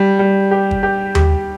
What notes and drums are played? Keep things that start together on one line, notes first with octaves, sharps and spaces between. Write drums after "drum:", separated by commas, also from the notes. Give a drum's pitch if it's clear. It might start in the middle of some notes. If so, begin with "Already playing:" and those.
Already playing: G3
G3
G4
drum: kick
G4
G4, drum: tom D#2